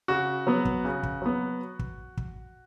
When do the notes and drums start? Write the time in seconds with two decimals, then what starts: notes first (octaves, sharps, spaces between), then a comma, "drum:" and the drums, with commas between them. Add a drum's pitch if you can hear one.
0.08 C#3 F#4
0.47 F#3 B3
0.65 drum: kick
0.85 C#3
1.03 drum: kick
1.22 F#3 B3
1.79 drum: kick
2.17 drum: kick